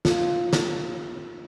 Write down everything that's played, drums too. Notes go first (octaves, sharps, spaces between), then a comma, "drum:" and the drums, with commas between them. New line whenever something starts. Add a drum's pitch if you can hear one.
F4, drum: snare
drum: snare